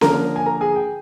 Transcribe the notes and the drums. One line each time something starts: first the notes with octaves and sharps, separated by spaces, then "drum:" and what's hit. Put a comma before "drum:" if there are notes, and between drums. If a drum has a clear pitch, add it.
D3 F3 A#3 A#4 A#5, drum: snare C#4
G#5
A#4 A#5
G#4 G#5
G5